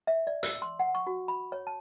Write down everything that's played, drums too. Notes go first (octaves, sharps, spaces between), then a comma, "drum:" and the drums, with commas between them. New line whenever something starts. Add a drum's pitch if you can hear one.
E5
D5
E6, drum: hi-hat
C6
F#5
C#6
F#4
B5
C#5
A5